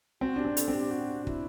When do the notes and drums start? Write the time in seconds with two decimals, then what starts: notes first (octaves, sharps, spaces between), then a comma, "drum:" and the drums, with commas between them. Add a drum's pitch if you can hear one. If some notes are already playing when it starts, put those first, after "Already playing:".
0.21 C4 F#4
0.36 D4 G4
0.45 C4
0.57 A4, drum: hi-hat
0.68 C4
0.74 G4
0.91 F#4
1.27 E4, drum: kick